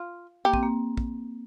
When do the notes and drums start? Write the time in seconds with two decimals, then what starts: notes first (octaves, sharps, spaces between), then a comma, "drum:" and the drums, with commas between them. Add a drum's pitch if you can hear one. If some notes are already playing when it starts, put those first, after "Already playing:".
Already playing: F4
0.45 A#3 G4
0.54 C4, drum: kick
0.63 A#3
0.97 drum: kick